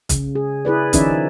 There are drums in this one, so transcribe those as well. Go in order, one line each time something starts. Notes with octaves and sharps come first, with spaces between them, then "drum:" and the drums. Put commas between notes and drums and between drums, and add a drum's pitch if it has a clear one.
C#3, drum: kick B1, hi-hat
G#4
E4 G#4 B4 D5
D#3 F3 C#4 D#4 D5 E5, drum: kick B1, hi-hat